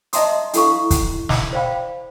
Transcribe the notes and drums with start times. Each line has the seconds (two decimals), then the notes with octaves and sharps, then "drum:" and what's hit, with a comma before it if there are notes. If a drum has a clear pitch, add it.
0.13 D#5 E5 A5 A#5 C6 D#6, drum: hi-hat
0.53 D4 E4 A4 F5 C#6, drum: hi-hat
0.90 drum: kick, hi-hat
1.29 drum: snare
1.53 C5 D5 F5 G5 B5